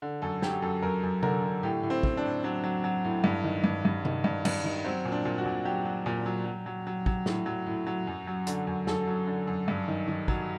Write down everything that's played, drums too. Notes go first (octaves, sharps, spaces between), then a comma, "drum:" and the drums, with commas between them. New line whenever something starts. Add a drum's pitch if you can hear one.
D3
F#2 A4
F#3 G4, drum: snare
F#2 A4
F#2 A#4
F#2
D3 A#4, drum: tom C3
D3
A2 G4
A2
C4
A2, drum: kick
D4
A2
F#3 D4
F#3
F#3
A2
G2
D#3
G2
G2
D#3, drum: tom C3
G2
G2, drum: cymbal
D#3
F#3 C4
A#2
D4
A#2
F#4
A#2
F#3 G4
F#3
A#2
F#3
F#3
F#3
F#3
F#3, drum: kick
A2, drum: snare
F#3
A2
F#3
F#2
F#3
D3, drum: hi-hat
F#2
F#2 A4, drum: snare
F#3
D3
F#2
G2
D#3
D#3
F#3, drum: kick